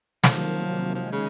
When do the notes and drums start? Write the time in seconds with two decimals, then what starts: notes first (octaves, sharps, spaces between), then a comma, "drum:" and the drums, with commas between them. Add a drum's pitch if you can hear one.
0.24 C3 D#3 F3 F#3 A#3, drum: snare
0.95 D#3 F3 G#3 D#4 G#4
1.13 C#3